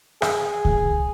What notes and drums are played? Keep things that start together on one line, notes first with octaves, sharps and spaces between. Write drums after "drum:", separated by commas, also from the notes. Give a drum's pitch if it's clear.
G#4, drum: rim click
drum: kick C#2